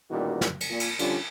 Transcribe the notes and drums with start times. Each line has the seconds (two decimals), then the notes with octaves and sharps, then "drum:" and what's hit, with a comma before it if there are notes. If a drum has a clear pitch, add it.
0.11 A1 E2 A#2 D#3 G3 F#4
0.41 drum: snare
0.61 drum: cymbal
0.70 A#2
0.80 drum: cymbal
0.99 D3 F3 G3 C#4 F4, drum: cymbal